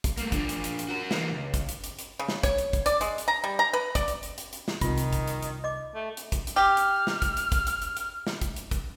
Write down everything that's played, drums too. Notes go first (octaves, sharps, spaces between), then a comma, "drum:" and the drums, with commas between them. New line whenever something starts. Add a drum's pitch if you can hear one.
drum: kick, hi-hat
A3 A#3, drum: hi-hat
F3 D4, drum: kick, hi-hat
drum: hi-hat
drum: hi-hat
drum: hi-hat
F#4 A#4
E3 A#3, drum: snare
C#2
drum: kick, hi-hat
drum: hi-hat
drum: hi-hat
drum: hi-hat
C#3
drum: snare
C#5, drum: kick, hi-hat
drum: hi-hat
drum: kick, hi-hat
D5, drum: hi-hat
G#3, drum: hi-hat
drum: hi-hat
A#5
G3
A#5
B4
D5, drum: kick, hi-hat
drum: hi-hat
drum: hi-hat
drum: hi-hat
drum: hi-hat
drum: snare
C2 C3 D#3 F4, drum: kick, hi-hat
drum: hi-hat
drum: kick, hi-hat
drum: hi-hat
drum: hi-hat
D#5 D6
A3
drum: hi-hat
drum: kick, hi-hat
drum: hi-hat
G4 F6
drum: hi-hat
drum: snare
drum: kick, hi-hat
drum: hi-hat
drum: kick, hi-hat
drum: hi-hat
drum: hi-hat
drum: hi-hat
drum: snare
drum: kick, hi-hat
drum: hi-hat
drum: kick, hi-hat